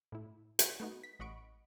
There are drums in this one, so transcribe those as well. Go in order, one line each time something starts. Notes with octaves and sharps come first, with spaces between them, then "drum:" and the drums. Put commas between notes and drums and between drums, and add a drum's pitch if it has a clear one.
A2 E4
drum: hi-hat
A3 B3 D#4 F#4
B6
A1 D#5 F#5 B5 C#6 D7